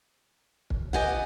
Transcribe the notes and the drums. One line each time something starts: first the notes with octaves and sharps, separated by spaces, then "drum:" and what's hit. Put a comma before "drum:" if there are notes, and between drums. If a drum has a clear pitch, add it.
drum: kick
B3 G4 D#5 F#5 G#5, drum: kick